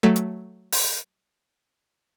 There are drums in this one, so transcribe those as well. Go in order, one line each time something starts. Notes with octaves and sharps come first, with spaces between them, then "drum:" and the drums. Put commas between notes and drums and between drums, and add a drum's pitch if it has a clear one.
F#3 A3
drum: hi-hat
drum: open hi-hat